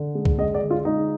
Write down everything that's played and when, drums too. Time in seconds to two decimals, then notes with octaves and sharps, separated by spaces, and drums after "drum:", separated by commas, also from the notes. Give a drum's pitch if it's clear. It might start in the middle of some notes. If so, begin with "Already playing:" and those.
Already playing: D3
0.15 G#3
0.25 drum: kick C2
0.38 G#3 D#5
0.54 D5
0.62 D3
0.71 F4
0.85 G#3 D#4